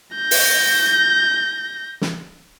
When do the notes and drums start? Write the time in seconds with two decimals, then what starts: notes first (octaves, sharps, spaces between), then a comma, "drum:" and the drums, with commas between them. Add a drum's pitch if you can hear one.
0.16 G6 A#6
0.31 drum: open hi-hat
2.01 drum: snare